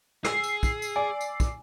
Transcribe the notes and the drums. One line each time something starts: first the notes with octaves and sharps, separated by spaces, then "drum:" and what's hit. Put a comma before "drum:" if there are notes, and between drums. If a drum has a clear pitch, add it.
G#4 E6 C7, drum: snare
drum: tambourine
drum: kick, tambourine
drum: tambourine
D5 G#5
drum: tambourine
drum: kick, tambourine